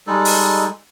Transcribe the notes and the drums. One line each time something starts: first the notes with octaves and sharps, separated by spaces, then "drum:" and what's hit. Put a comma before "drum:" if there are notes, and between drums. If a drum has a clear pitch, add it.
G3 G#3 D#4 A4
drum: open hi-hat